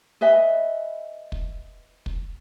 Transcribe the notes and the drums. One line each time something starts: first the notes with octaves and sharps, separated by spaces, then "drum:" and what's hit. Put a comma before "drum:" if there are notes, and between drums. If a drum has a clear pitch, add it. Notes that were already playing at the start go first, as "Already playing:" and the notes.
B4 D#5 E5 G#5
drum: kick
drum: kick